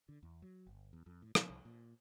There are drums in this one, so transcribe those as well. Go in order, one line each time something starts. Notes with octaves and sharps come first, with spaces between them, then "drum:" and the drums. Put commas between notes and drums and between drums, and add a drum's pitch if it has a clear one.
D3
E2
F#3
G1
E2
F2
A2
B2, drum: rim click
C2
A#2